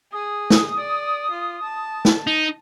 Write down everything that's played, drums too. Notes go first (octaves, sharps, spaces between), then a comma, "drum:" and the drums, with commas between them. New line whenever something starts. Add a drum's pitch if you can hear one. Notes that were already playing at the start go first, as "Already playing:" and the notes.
G#4 D#6
drum: snare
D5
F4
A5
drum: snare
D#4